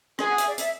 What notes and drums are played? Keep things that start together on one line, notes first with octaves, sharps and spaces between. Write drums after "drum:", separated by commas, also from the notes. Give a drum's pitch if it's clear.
G#4 B4, drum: rim click
F#5
E5, drum: hi-hat
D5
E5, drum: hi-hat